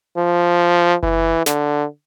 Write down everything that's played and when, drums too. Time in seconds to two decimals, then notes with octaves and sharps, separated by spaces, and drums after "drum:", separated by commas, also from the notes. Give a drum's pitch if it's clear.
0.17 F3
1.03 E3, drum: kick F#1
1.46 D3, drum: snare